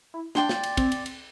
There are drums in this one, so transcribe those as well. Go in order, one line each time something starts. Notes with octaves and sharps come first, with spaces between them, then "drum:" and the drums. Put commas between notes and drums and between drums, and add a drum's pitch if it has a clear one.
E4
D4 D5 G5 C6, drum: snare
drum: snare
drum: cymbal
C4, drum: kick, cymbal
drum: cymbal
drum: cymbal